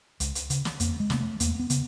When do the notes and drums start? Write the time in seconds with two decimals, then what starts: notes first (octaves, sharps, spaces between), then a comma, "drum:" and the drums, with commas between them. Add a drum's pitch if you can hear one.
0.20 C#2, drum: hi-hat
0.35 drum: hi-hat
0.50 C#3, drum: hi-hat
0.65 drum: snare
0.80 F2 A#3, drum: hi-hat
1.00 G#3
1.10 C3 A#3, drum: snare
1.20 A3
1.40 E2 A#3, drum: hi-hat
1.60 B3
1.70 C#3 B3, drum: hi-hat